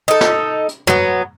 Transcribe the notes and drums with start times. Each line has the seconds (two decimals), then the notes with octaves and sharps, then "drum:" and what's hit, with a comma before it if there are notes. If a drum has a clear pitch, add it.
0.08 D#4 A4
0.21 drum: snare
0.68 drum: hi-hat
0.87 F#3 B3, drum: tom